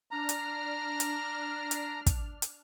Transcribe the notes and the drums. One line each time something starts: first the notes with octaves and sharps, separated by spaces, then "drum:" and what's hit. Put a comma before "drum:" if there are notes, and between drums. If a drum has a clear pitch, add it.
D4 A#5 F6
drum: hi-hat
drum: hi-hat
drum: hi-hat
drum: kick, hi-hat
drum: hi-hat